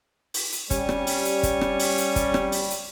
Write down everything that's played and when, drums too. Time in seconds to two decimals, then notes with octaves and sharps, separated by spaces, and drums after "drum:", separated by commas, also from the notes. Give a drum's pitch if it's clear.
0.34 drum: open hi-hat
0.52 drum: hi-hat
0.71 G3 C#4, drum: kick, hi-hat
0.89 drum: rim click
1.07 drum: open hi-hat
1.25 drum: hi-hat
1.43 drum: kick, hi-hat
1.61 drum: rim click
1.80 drum: open hi-hat
1.98 drum: hi-hat
2.16 drum: kick, hi-hat
2.34 drum: rim click
2.52 drum: open hi-hat
2.70 drum: hi-hat